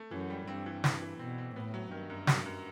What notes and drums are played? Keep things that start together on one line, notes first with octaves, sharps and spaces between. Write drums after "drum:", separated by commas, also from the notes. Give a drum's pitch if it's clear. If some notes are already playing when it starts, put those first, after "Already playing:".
Already playing: A3
F#2 E3
G3
G2 C4
E3
E3, drum: snare
E3
B2 C4
C4
A2 B3
F#3
G2 D#3
F#2
F#3, drum: snare
F#2